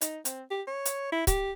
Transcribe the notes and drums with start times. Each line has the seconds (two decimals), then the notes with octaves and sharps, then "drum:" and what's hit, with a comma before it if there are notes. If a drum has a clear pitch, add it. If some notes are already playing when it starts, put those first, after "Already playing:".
0.01 D#4, drum: hi-hat
0.25 C4, drum: hi-hat
0.50 G4
0.67 C#5
0.86 drum: hi-hat
1.12 E4
1.27 G4, drum: kick C#1, hi-hat